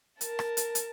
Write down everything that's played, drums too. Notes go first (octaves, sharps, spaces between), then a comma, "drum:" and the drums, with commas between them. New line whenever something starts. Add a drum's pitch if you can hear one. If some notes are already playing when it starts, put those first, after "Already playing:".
A#4 A5, drum: hi-hat
drum: rim click
drum: hi-hat
drum: hi-hat